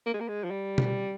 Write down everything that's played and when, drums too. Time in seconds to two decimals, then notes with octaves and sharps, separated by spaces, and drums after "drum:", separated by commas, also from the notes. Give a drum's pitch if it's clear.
0.06 A#3
0.14 G#3
0.20 A#3
0.28 G#3
0.44 F3
0.51 G3
0.78 drum: tom B2